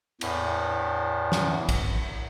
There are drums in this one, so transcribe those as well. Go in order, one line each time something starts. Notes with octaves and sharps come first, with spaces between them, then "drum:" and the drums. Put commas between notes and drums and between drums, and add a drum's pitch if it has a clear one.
E2 A2, drum: cymbal
drum: snare
drum: kick A#1, cymbal